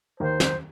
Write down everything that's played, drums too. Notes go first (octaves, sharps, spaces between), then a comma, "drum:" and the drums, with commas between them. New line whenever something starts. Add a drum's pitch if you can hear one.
D#2 D#3 A#3 C5
drum: snare